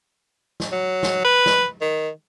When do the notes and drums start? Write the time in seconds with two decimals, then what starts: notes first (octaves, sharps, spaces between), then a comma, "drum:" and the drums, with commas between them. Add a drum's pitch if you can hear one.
0.60 drum: snare
0.72 F#3
1.03 drum: snare
1.24 B4
1.46 drum: snare
1.81 D#3